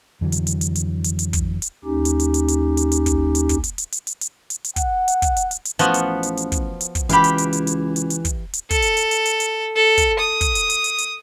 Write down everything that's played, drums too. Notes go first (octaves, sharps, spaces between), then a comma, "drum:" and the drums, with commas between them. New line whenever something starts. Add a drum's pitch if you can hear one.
F2 D3 E3 F#3
drum: hi-hat
drum: hi-hat
drum: hi-hat
drum: hi-hat
drum: hi-hat
drum: hi-hat
drum: kick, hi-hat
drum: hi-hat
D#2 C#4 D#4 G4
drum: hi-hat
drum: hi-hat
drum: hi-hat
drum: hi-hat
drum: hi-hat
drum: hi-hat
drum: kick, hi-hat
drum: hi-hat
drum: kick, hi-hat
drum: hi-hat
drum: hi-hat
drum: hi-hat
drum: hi-hat
drum: hi-hat
drum: hi-hat
drum: hi-hat
F#5, drum: kick, hi-hat
drum: hi-hat
drum: kick, hi-hat
drum: hi-hat
drum: hi-hat
drum: hi-hat
A1 F3 B3 F#4, drum: hi-hat
drum: hi-hat
drum: hi-hat
drum: hi-hat
drum: kick, hi-hat
drum: hi-hat
drum: kick, hi-hat
C#2 E3 G4 F5 B5 D6, drum: hi-hat
drum: hi-hat
drum: hi-hat
drum: hi-hat
drum: hi-hat
drum: hi-hat
drum: hi-hat
drum: kick, hi-hat
drum: hi-hat
A4, drum: kick, hi-hat
drum: hi-hat
drum: hi-hat
drum: hi-hat
drum: hi-hat
drum: hi-hat
A4
drum: kick, hi-hat
D#6
drum: kick, hi-hat
drum: hi-hat
drum: hi-hat
drum: hi-hat
drum: hi-hat